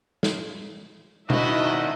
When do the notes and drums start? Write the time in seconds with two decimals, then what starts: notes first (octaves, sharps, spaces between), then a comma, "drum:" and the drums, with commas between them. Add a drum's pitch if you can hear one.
0.23 drum: snare
1.30 D#3 E4 F#4 D#5 E5, drum: tom B2